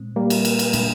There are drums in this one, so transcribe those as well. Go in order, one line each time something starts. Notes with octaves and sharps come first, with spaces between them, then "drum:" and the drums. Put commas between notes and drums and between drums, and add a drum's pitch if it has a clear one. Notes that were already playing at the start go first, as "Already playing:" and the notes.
Already playing: A#2 G#3 C4
G3 A#3
drum: cymbal
drum: cymbal
drum: cymbal
A#2 G#3 D4, drum: cymbal